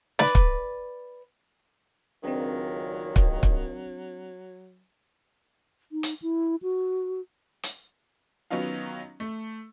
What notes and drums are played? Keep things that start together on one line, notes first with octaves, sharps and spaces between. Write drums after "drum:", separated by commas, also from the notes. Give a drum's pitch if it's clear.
B4 D5, drum: snare
drum: kick
C#2 A#2 D#3 F#3 C4 D4
drum: kick
drum: kick
D#4
drum: hi-hat
E4
F#4
drum: hi-hat
D#3 F#3 B3 C#4 D#4 F4
A3